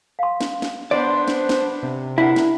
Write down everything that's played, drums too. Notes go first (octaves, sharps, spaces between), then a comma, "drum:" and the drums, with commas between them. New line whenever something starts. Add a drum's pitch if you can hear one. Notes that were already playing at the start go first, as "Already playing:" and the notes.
F5 C6
drum: snare
drum: snare
B3 D4 C5 D5
drum: snare
drum: snare
C3
D4 E4 A#4 E5 F#5
drum: snare